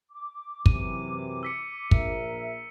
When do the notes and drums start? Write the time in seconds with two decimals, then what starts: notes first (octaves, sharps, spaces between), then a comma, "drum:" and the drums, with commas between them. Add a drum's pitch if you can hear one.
0.11 D6
0.66 F#2 C3 E3 D#7, drum: kick
1.43 E6 B6 C#7
1.91 A#1 A#4 E5, drum: kick